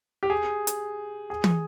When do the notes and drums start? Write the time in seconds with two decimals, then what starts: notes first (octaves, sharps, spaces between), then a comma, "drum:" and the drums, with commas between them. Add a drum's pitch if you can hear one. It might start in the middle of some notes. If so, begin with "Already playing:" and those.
0.23 G4
0.30 G#4
0.67 drum: hi-hat
1.30 G#4
1.44 drum: tom